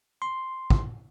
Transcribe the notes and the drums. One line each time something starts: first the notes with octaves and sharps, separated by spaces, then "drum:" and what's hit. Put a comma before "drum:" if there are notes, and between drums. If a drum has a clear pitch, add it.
C6
drum: kick